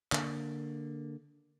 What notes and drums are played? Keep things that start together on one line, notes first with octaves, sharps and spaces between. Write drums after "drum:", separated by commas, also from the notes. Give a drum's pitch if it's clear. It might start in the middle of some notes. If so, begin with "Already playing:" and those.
D3 A#3, drum: clap